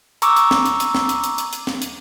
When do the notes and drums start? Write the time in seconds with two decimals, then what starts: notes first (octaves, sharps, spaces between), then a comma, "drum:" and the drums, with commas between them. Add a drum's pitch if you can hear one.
0.22 A#5 C#6 D6 E6, drum: hi-hat
0.37 drum: hi-hat
0.51 drum: snare
0.66 drum: hi-hat
0.80 drum: hi-hat
0.95 drum: snare
1.09 drum: hi-hat
1.24 drum: hi-hat
1.38 drum: hi-hat
1.53 drum: hi-hat
1.67 drum: snare
1.82 drum: hi-hat